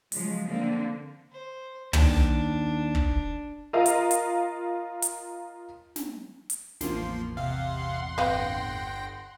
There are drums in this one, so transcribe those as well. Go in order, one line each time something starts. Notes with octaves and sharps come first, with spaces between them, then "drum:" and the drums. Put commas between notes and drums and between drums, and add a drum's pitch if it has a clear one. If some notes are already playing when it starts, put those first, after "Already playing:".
C#3 F3 F#3 G#3, drum: open hi-hat
D3 A#3 C4
C5
D#2 D#3 D4, drum: tom
drum: kick
F4 A#4 D#5 F5 A#5
drum: hi-hat
drum: hi-hat
drum: hi-hat
drum: snare
drum: hi-hat
A1 E2 F3 A#3 C6, drum: snare
C3 F5 F#5 C6
G1 C4 B4 F5 G5 A#6